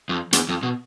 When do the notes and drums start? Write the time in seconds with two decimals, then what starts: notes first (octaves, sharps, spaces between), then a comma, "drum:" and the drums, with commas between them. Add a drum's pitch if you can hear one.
0.09 F2
0.33 E2, drum: hi-hat
0.49 F2
0.63 B2